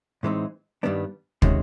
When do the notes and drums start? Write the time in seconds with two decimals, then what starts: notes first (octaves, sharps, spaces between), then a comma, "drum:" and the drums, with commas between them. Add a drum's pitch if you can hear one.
0.23 A2 E3 G#3 C4 D#4
0.83 G2 D#3 G3 B3 D4
1.42 C3 D#3 G#3 C#4 F#4, drum: kick